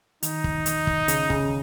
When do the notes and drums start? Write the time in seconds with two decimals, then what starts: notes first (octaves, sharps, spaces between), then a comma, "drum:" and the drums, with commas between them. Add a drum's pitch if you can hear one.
0.23 D#3 D#4, drum: hi-hat
0.44 drum: kick
0.66 drum: hi-hat
0.87 drum: kick
1.08 C#3, drum: hi-hat
1.30 C#3, drum: kick